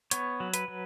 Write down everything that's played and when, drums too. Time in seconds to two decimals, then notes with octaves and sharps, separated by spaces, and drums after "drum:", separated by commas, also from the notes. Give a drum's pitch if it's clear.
0.11 B3 C#5, drum: hi-hat
0.40 F#3
0.54 B4, drum: hi-hat
0.68 F#3